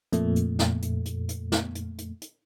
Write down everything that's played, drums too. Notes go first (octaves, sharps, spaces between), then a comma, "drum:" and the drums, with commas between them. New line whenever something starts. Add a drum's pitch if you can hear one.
F2 A#2 A3, drum: hi-hat
drum: hi-hat
drum: snare
drum: hi-hat
drum: hi-hat
drum: hi-hat
drum: snare
drum: hi-hat
drum: hi-hat
drum: hi-hat